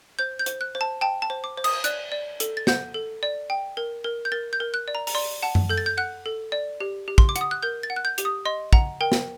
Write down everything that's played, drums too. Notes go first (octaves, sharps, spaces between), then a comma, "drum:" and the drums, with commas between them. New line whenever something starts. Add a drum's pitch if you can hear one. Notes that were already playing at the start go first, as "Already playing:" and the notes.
C5 G6
G6
C5, drum: hi-hat
F#6
C5
A5
G5 A5
A5
C5
D6
C5
D#6, drum: cymbal
D5 F#6, drum: hi-hat
D5
A4, drum: hi-hat
A6
F#5 G6, drum: snare
A4
D5
G5
A#4
A#4
G6
A#4 A6
G6
A#4
F#6
D5
A#5
A#5, drum: open hi-hat
D5 C6
F#5 A5
drum: tom F#2
A4 G6
A6
G6
F#5 F#6
A4
D5
G4
G4
C6, drum: kick
D6
F#5, drum: hi-hat
D#6
F#6
A#4 G6
A6
F#5
F#6
G6
G4, drum: hi-hat
D#6
D#5 C6
F#5 A#5, drum: kick
A#4 G5
drum: snare